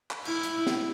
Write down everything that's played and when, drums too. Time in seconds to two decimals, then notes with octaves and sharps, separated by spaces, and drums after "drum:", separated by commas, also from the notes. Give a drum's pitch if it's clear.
0.11 drum: clap
0.25 E4, drum: cymbal
0.43 drum: hi-hat
0.67 drum: snare